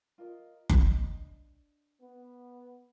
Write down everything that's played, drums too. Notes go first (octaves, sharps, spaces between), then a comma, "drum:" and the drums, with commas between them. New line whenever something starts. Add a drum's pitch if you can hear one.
F4 A#4 D#5
D4 D#5, drum: kick F#1
B3